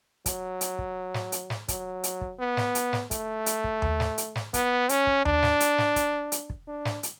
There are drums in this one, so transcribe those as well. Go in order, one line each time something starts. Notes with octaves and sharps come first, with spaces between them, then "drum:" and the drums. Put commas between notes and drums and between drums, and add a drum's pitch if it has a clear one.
F#3, drum: kick, hi-hat
drum: hi-hat
drum: kick
drum: snare
drum: hi-hat
drum: snare
F#3, drum: kick, hi-hat
drum: hi-hat
drum: kick
B3
drum: snare
drum: hi-hat
drum: snare
A3, drum: kick, hi-hat
drum: hi-hat
drum: kick
drum: tom D#2
drum: snare
drum: hi-hat
drum: snare
B3, drum: kick, hi-hat
C#4, drum: hi-hat
drum: kick
D4, drum: tom D#2
drum: snare
drum: hi-hat
drum: snare
drum: kick, hi-hat
drum: hi-hat
drum: kick
D4
drum: snare
drum: hi-hat